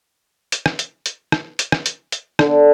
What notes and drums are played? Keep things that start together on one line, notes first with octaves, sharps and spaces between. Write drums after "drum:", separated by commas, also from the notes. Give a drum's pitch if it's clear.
drum: hi-hat
drum: rim click
drum: hi-hat
drum: hi-hat
drum: rim click
drum: hi-hat
drum: rim click
drum: hi-hat
drum: hi-hat
D3, drum: rim click